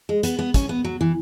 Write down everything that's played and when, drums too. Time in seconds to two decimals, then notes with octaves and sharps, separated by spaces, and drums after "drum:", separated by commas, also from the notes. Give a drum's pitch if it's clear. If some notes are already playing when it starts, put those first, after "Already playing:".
0.09 G#3
0.23 B3, drum: hi-hat
0.39 B3
0.54 C#4, drum: kick, hi-hat
0.69 B3
0.84 F#3
1.01 E3